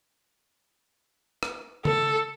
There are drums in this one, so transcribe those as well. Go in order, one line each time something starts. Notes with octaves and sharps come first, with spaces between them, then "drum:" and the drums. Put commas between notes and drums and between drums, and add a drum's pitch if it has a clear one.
drum: rim click
A4, drum: tom